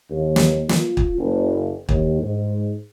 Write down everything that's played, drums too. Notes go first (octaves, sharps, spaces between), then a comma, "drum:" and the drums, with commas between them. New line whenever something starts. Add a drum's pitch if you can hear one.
D#2
drum: snare
F4, drum: snare
drum: kick
F#1
D#2, drum: kick
G#2